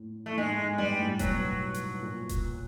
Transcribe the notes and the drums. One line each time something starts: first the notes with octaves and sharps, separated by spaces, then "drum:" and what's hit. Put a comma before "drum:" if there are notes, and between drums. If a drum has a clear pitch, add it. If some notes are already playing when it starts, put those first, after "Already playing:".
Already playing: A2
A3
A2
G#2 G#3
G#2
G2 G3
A2
B2 F#3, drum: kick E1, hi-hat
drum: hi-hat
A#2
drum: kick E1, hi-hat